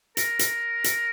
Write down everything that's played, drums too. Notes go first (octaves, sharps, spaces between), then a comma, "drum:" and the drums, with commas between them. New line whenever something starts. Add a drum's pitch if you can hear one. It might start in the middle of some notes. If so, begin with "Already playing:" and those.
A#4, drum: hi-hat
drum: hi-hat
drum: hi-hat